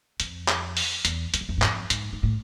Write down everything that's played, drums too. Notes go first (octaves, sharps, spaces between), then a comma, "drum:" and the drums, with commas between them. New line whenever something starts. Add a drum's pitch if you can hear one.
F2, drum: hi-hat
drum: clap
drum: open hi-hat
E2, drum: hi-hat
F2, drum: hi-hat
E2
F2
G#2
F2, drum: clap
G#2, drum: hi-hat
G#2
A2